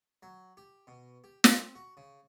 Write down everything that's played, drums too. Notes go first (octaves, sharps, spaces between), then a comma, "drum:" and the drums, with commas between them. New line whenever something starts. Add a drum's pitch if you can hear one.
F#3
G4
B2
G4
C4, drum: snare
F#4
C#3